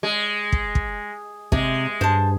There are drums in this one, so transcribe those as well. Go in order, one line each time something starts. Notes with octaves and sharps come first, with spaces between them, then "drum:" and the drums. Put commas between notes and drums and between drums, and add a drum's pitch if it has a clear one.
G#3
drum: kick
drum: kick
C3 G#3, drum: kick
G2 C5 A5